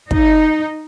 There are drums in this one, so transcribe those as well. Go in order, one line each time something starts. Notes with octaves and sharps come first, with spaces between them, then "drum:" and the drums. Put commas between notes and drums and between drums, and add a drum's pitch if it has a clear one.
D#4, drum: kick